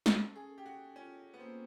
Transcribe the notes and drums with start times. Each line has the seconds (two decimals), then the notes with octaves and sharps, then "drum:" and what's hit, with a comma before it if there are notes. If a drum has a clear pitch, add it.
0.06 C#4 A4, drum: snare
0.35 G#4
0.50 A4
0.58 G4
0.66 F#4
0.96 C#4 F4
1.34 B3
1.40 A#3 C4